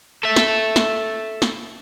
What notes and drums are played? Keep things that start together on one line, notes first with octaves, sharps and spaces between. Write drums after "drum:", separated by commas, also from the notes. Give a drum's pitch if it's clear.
A4 E5
drum: snare
drum: snare
drum: snare